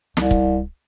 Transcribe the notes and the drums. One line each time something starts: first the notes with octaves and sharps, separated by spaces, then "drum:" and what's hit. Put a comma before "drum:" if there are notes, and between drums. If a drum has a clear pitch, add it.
C2, drum: snare
drum: kick